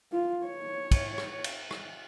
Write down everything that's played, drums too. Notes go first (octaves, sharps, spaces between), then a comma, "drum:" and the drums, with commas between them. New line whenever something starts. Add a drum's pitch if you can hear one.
F4
C#5
drum: kick, cymbal
drum: rim click
drum: cymbal
drum: rim click